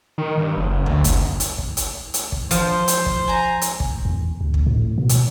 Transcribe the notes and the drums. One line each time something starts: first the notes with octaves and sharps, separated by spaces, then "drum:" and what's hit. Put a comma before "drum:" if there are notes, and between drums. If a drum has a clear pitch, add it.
D#3
G2
F#1
F#1
D2, drum: kick
F#1, drum: hi-hat
drum: hi-hat
drum: kick
drum: hi-hat
drum: hi-hat
drum: kick
F3 C5, drum: hi-hat
drum: hi-hat
drum: kick
G#5 A#5
drum: hi-hat
drum: kick
E2
D2
drum: kick
A2
B2
drum: hi-hat